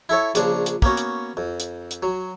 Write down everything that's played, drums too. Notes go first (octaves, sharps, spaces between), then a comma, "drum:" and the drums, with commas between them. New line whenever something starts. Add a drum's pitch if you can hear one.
E4 A4 C#5
A#1 C#3 F3 D4, drum: hi-hat
drum: hi-hat
A#3 B3 C#4 F#4, drum: kick
drum: hi-hat
F2
drum: hi-hat
drum: hi-hat
F#3